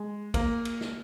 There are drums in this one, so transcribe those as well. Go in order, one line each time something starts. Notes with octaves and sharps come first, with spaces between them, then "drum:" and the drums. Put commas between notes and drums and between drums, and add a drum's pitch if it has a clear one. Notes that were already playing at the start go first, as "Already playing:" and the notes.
Already playing: G#3
A#3, drum: kick, cymbal
drum: cymbal
drum: snare